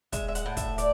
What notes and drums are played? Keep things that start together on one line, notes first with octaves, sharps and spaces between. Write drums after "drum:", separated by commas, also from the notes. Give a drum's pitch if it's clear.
G#3 E5, drum: kick, hi-hat
E5
F#5, drum: hi-hat
A2
E5, drum: kick, hi-hat
D5, drum: hi-hat